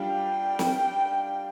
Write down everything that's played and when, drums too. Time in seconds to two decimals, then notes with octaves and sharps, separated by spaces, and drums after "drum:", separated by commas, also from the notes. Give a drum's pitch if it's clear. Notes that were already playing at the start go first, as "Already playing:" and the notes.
Already playing: G3 D4 F4 G5
0.59 drum: snare